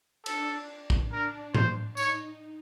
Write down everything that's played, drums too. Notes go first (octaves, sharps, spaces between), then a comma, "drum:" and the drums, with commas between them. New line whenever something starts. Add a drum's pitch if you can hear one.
D4 A4, drum: cymbal
drum: kick
D4 A#4
C5, drum: tom G#2
D#4 C#5, drum: tambourine